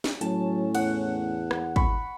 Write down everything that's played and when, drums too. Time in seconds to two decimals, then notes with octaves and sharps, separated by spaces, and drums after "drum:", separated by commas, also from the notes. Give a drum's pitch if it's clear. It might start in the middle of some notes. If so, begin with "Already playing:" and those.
0.04 drum: snare
0.21 A2 F#3 C#4 A5, drum: hi-hat
0.75 E2 F#5, drum: cymbal
1.51 drum: rim click
1.76 B5 C#6, drum: kick